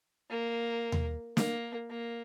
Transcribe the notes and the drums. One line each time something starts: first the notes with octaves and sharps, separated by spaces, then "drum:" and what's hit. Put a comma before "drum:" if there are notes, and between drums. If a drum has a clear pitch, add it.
A#3
drum: tom D#2
A#3, drum: snare
A#3